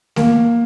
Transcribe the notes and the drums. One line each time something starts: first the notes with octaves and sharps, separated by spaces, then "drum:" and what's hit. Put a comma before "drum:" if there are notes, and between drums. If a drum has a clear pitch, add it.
A#3, drum: snare A3